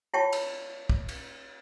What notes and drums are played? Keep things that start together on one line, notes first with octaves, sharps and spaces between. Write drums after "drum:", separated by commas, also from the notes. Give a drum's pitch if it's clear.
E4 F4 C#5 G5 A5 C#6
drum: cymbal
drum: kick
drum: cymbal